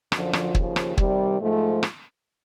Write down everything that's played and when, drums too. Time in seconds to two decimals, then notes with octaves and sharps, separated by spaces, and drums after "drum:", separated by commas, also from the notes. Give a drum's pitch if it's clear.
0.12 F#2 D3 F3, drum: rim click
0.33 drum: rim click
0.55 D#2 C#3 F3, drum: kick
0.76 drum: rim click
0.98 C3 D#3 G3, drum: kick
1.40 G#2 F3 A3
1.83 drum: rim click